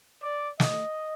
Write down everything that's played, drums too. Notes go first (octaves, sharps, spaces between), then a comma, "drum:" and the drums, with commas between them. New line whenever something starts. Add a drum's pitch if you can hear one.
D5
D#5, drum: snare